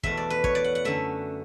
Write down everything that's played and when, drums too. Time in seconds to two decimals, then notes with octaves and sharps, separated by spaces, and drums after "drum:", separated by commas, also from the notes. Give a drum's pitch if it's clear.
0.03 E2 B2 A3 E5, drum: kick
0.17 D5
0.30 B4
0.44 C#5, drum: kick
0.55 D5
0.64 F#5
0.75 F#5
0.85 F#2 D3 A3 E5